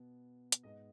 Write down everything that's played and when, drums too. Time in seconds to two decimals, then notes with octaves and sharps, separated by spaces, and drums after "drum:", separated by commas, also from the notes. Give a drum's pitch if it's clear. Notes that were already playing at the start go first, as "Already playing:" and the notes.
Already playing: B2 B3
0.52 drum: hi-hat
0.63 G#2 G#3 B3 D#5